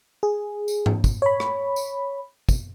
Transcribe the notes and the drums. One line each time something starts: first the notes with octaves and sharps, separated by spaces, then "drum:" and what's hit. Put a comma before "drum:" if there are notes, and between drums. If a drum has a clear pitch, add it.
G#4
drum: tambourine
drum: tom G#2
drum: kick, tambourine
C#5 B5
drum: rim click
drum: tambourine
drum: kick, tambourine